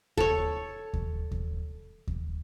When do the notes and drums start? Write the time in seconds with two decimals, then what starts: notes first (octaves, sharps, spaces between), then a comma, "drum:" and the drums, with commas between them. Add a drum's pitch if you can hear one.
0.17 A4 C#5, drum: kick D#2
0.93 drum: kick D#2
1.31 drum: kick D#2
2.07 drum: kick D#2